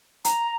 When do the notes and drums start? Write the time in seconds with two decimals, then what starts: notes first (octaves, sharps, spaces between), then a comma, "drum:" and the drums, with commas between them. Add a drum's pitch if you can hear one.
0.25 A#5, drum: hi-hat